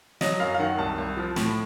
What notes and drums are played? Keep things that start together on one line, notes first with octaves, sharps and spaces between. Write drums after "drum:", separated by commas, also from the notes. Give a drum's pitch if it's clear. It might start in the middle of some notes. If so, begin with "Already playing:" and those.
F#3 D#5, drum: snare
F#2 F5
F5
D#3 F#5
C2 A5
C2
F3
A2, drum: snare